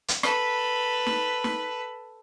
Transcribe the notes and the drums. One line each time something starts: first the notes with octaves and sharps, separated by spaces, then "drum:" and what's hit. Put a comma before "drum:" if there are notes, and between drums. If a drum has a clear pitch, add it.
drum: hi-hat
A4 B4, drum: rim click
drum: snare
drum: snare